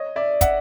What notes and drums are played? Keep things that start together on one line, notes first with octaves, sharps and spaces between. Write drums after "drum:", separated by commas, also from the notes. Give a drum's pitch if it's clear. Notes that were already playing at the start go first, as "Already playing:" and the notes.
Already playing: C#5 D#5
D5 E5
E5 F#5, drum: kick, hi-hat